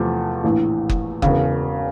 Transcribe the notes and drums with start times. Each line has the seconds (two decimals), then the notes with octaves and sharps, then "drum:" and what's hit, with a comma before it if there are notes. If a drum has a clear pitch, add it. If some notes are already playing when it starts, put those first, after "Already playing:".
Already playing: E2 C3 F3 A3
0.44 A#1 A2 E3
0.89 drum: kick F#1
1.22 E1 E2 C#3, drum: kick F#1